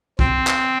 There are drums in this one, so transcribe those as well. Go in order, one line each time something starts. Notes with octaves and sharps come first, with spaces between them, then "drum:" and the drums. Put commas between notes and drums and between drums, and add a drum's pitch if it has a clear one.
C4, drum: kick
drum: clap